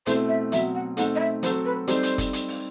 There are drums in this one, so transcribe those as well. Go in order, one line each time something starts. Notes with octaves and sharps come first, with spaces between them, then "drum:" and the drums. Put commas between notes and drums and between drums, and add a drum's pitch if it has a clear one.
B2 A3 C4 E4 A4 C5, drum: hi-hat
E5
B2 F#3 C4 E5, drum: hi-hat
F#5
B2 A3 C4 D#4 A4 F#5, drum: hi-hat
D#5
E5
F#3 C4 F#4 A4 C5, drum: hi-hat
B4
G3 C4 D#4 A4 C5, drum: hi-hat
drum: hi-hat
drum: kick F#1, hi-hat
drum: hi-hat
drum: open hi-hat